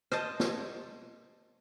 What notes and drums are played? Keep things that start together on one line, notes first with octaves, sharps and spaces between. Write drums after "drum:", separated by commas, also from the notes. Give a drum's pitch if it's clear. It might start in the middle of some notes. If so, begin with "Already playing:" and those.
C5 D#5 A5, drum: rim click
drum: snare